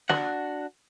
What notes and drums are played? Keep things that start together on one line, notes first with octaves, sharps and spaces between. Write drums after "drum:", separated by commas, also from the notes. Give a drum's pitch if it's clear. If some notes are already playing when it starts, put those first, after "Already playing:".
D4 F#4 F#5, drum: snare